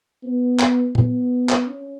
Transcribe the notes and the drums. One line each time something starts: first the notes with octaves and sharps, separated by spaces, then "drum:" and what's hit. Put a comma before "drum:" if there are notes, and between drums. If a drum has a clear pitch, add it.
B3
drum: clap
B3, drum: tom
drum: clap
C#4